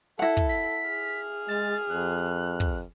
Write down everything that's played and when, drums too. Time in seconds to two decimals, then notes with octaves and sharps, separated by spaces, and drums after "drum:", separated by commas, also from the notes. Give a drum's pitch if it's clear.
0.19 E4 A4 F#5
0.37 drum: kick
0.49 B6
0.87 G#4 F6
1.48 G#3 A6
1.89 F2 F#6
2.60 drum: kick